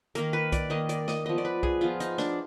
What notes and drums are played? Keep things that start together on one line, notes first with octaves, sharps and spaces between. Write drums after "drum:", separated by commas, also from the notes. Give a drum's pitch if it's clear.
D#3 A#3 A#4, drum: hi-hat
B4
D5, drum: kick B1, hi-hat
D#3 A#3 D#5
D5, drum: hi-hat
D#5, drum: snare
F3 B3 D#5
D5
B4
G#4, drum: kick B1
F3 B3 F4
D#4, drum: hi-hat
D4, drum: snare